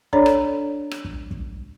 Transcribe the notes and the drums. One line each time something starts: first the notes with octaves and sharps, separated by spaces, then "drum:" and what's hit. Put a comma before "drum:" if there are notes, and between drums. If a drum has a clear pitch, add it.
D4 A4 C#5 D5 A#5, drum: kick
drum: rim click
drum: rim click
drum: kick
drum: kick